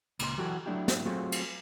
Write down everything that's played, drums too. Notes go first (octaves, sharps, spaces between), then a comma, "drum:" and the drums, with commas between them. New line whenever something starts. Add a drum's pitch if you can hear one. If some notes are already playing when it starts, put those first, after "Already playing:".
C#2 A#2 G#4 C6, drum: cymbal
E3 F#3 F#4 G4 A4
F#3 A3 D4 E4 G4
drum: snare
F#3 A3 C4 F4 F#4 G#4
drum: cymbal